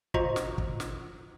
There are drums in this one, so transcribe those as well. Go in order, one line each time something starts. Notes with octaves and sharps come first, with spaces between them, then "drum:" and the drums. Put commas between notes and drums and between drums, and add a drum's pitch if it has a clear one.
F4 F#4 C5 D#5 A#5 C#6, drum: kick
drum: snare
drum: kick
drum: snare